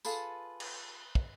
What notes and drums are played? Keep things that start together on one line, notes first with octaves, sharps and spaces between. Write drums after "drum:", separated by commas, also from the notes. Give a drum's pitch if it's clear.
F4 G#4 A4 B4, drum: tambourine
drum: cymbal
drum: kick